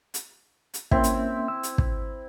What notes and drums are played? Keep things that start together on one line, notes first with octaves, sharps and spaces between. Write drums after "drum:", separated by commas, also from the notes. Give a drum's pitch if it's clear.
drum: hi-hat
drum: hi-hat
A#3 C4 C#4 E4 E5, drum: kick
drum: hi-hat
E6
drum: hi-hat
drum: kick